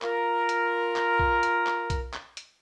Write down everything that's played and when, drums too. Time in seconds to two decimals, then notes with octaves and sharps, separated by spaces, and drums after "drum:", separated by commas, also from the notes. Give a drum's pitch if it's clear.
0.02 F4 A#4, drum: clap
0.49 drum: hi-hat
0.96 drum: clap
1.19 drum: kick B1
1.43 drum: hi-hat
1.66 drum: clap
1.90 drum: kick B1, hi-hat
2.14 drum: clap
2.37 drum: hi-hat